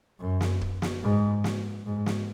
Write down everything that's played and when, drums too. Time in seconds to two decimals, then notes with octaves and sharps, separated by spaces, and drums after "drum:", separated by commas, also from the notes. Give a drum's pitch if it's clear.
0.19 F#2
0.41 drum: snare
0.61 drum: kick
0.82 drum: snare
1.03 G#2
1.44 drum: snare
1.86 G#2
2.06 drum: snare